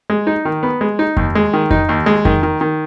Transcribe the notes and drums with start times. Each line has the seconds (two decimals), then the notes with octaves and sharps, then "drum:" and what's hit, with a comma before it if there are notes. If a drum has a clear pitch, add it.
0.10 G#3
0.27 D#4
0.45 D#3
0.63 B3
0.81 G#3
0.99 D#4
1.17 D#2, drum: kick F2
1.35 G#3
1.53 D#3
1.71 D#4, drum: kick F2
1.89 D#2
2.06 G#3
2.25 D#3, drum: kick F2
2.43 D#3
2.61 D#3